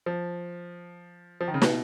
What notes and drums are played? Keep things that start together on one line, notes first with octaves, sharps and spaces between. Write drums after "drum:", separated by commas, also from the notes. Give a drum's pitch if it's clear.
F3
F3
D#3
C#3
B2, drum: snare